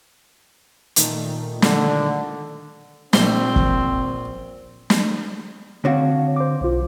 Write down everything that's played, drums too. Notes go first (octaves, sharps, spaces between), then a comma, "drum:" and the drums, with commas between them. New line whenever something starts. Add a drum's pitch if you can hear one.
A#2 D#3 A3, drum: hi-hat
D3, drum: snare
A#1 C4 C5, drum: snare
drum: kick
drum: snare
D3 C4 F#4 C#5 F5
C5 D6
B1 F4